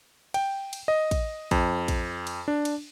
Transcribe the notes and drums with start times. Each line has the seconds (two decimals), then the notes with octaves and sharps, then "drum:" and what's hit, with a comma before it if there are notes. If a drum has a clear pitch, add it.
0.34 G5, drum: cymbal
0.73 drum: cymbal
0.88 D#5
1.11 drum: kick, cymbal
1.51 F2, drum: kick, cymbal
1.88 drum: kick, cymbal
2.27 drum: cymbal
2.48 D4
2.65 drum: cymbal